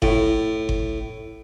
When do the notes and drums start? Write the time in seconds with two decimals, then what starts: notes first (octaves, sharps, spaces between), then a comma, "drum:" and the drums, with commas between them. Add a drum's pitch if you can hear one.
0.02 A2, drum: kick G1
0.69 drum: kick G1